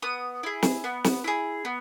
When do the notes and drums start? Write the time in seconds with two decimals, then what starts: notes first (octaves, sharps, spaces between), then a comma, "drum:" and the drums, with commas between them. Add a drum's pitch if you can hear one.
0.02 B3 D#6
0.43 E4 G#4
0.62 drum: snare
0.84 B3
1.04 drum: snare
1.24 E4 G#4
1.65 B3